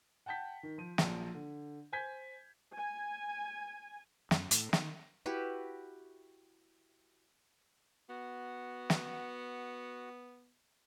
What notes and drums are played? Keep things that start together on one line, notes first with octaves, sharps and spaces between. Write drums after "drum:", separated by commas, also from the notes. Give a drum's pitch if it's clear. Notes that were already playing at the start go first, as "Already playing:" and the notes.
F#5 G5 A5 G6 B6
D#3
F3 D#7
A#1 F3 F#3, drum: snare
D3
C5 G#5 G6 G#6 B6
G#5
F#2, drum: snare
A2, drum: hi-hat
D#3, drum: snare
E4 F#4 G4 B4
B3 F#4 F#5
drum: snare